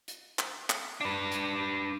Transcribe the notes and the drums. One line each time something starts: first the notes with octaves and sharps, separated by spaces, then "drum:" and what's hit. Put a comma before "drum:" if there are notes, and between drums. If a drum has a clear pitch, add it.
drum: hi-hat
drum: clap
drum: clap
D4 B4
drum: hi-hat